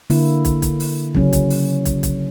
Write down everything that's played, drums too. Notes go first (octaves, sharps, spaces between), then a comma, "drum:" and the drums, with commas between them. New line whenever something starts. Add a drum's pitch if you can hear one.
D3 A#3 E4, drum: open hi-hat
drum: kick, hi-hat
drum: kick, hi-hat
drum: open hi-hat
C#3 F#3 C#4, drum: kick
drum: kick, hi-hat
drum: open hi-hat
drum: kick, hi-hat
drum: kick, hi-hat